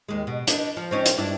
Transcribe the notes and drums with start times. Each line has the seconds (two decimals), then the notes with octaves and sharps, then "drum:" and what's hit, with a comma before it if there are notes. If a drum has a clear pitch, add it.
0.09 D#2 G#3
0.27 B2
0.47 D4 D#4 B4, drum: hi-hat
0.77 F3
0.91 C4 C#4 D#4
1.05 drum: hi-hat
1.17 G2 D4 E4